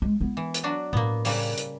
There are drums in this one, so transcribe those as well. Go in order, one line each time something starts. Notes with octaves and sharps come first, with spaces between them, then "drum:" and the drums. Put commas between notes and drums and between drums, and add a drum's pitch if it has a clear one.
G#3
B3 E4
E3
drum: hi-hat
F#3 D4 F#4
A2 A#3 B3
C#3 G3 A#3, drum: open hi-hat
drum: hi-hat